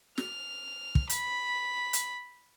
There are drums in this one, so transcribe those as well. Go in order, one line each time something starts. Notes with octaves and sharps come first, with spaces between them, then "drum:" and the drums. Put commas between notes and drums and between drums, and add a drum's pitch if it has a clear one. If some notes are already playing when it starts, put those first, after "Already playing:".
F6, drum: snare
drum: kick
B5, drum: hi-hat
drum: hi-hat